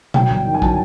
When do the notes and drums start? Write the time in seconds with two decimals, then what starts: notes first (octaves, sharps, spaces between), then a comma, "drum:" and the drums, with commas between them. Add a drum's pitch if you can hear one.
0.14 F#3 G5, drum: tom B2
0.30 G1
0.45 D#3
0.54 G#5
0.62 F#3 A5, drum: kick